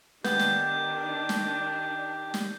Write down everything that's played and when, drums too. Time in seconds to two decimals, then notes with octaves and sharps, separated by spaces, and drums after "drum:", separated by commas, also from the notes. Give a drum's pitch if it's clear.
0.24 D#3 B3 D4 G4 G6, drum: snare
0.39 drum: snare
1.29 drum: snare
2.34 drum: snare